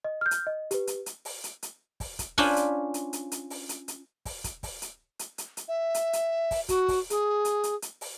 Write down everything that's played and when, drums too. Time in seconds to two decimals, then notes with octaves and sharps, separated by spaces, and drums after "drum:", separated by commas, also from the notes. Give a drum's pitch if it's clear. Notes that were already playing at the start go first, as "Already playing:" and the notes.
0.04 D#5
0.21 F6 G6
0.31 drum: hi-hat
0.47 D#5
0.71 G4 B4, drum: hi-hat
0.87 drum: hi-hat
1.06 drum: hi-hat
1.25 drum: open hi-hat
1.44 drum: hi-hat
1.63 drum: hi-hat
2.00 drum: kick, open hi-hat
2.19 drum: kick, hi-hat
2.38 C#4 D4 F4 C5 G#5 B5, drum: kick, open hi-hat
2.56 drum: hi-hat
2.94 drum: hi-hat
3.13 drum: hi-hat
3.32 drum: hi-hat
3.50 drum: open hi-hat
3.69 drum: hi-hat
3.88 drum: hi-hat
4.25 drum: kick, open hi-hat
4.44 drum: kick, hi-hat
4.63 drum: kick, open hi-hat
4.82 drum: hi-hat
5.19 drum: hi-hat
5.38 drum: hi-hat
5.57 drum: hi-hat
5.68 E5
5.94 drum: hi-hat
6.13 drum: hi-hat
6.51 drum: kick, open hi-hat
6.69 F#4, drum: kick, hi-hat
6.88 drum: kick, open hi-hat
7.10 G#4, drum: hi-hat
7.45 drum: hi-hat
7.63 drum: hi-hat
7.82 drum: hi-hat
8.01 drum: open hi-hat